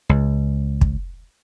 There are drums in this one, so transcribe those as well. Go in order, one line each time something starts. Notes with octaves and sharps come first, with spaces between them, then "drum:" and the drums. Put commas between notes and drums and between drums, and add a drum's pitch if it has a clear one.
C#2
drum: kick